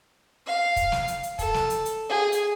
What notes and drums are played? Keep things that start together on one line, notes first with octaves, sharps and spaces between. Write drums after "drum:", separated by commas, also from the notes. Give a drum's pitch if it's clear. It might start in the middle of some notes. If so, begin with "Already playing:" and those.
F5
drum: kick, hi-hat
drum: snare
drum: hi-hat
drum: hi-hat
A4, drum: kick, hi-hat
drum: snare
drum: hi-hat
drum: hi-hat
G#4
drum: hi-hat